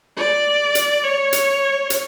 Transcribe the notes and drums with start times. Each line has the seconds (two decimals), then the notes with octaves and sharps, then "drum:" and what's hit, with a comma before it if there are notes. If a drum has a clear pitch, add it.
0.17 D5
0.75 drum: hi-hat
1.04 C#5
1.33 drum: hi-hat
1.90 drum: hi-hat